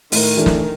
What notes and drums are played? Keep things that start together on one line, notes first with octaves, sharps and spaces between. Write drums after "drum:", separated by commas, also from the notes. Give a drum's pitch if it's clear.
A2 D#3, drum: open hi-hat
E3 A3 D4
drum: snare